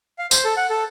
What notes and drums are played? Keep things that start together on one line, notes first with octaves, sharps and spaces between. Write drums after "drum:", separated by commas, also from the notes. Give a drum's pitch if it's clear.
F5
C5, drum: tambourine
A4
F#5
A4